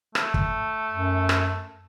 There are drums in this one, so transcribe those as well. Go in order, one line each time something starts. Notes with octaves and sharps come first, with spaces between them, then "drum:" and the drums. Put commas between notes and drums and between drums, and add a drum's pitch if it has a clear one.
A3, drum: rim click
drum: kick
F#2
drum: rim click